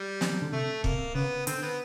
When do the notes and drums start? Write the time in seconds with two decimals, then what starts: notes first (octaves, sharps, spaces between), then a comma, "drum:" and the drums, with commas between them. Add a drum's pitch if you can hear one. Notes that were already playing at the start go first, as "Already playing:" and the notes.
Already playing: G3
0.21 C4, drum: snare
0.32 F#3
0.42 D3
0.52 C3 A3
0.84 C3 A#3, drum: kick
1.15 C#3 B3
1.47 D3 C4, drum: hi-hat
1.63 B3